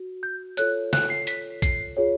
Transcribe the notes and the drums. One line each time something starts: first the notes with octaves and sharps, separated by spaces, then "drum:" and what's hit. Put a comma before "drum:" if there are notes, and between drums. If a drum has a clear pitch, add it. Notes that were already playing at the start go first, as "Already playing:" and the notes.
Already playing: F#4
G6
F4 A4 C#5 F#6, drum: hi-hat
F#6, drum: snare
C7
B6, drum: hi-hat
C7, drum: kick, hi-hat
F4 G#4 C#5